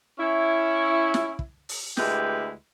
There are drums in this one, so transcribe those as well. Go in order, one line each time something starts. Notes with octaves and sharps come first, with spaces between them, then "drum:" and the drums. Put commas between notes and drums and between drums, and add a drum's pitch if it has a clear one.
C#4 E4
drum: snare
drum: kick
drum: open hi-hat
D2 G#3 E4 G4 B4, drum: snare